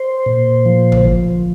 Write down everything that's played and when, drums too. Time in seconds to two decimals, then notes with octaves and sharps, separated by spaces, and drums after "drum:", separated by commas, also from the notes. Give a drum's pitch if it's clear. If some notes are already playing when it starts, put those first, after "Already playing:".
Already playing: C5
0.26 A#2
0.66 F3
0.92 drum: tom
1.05 F3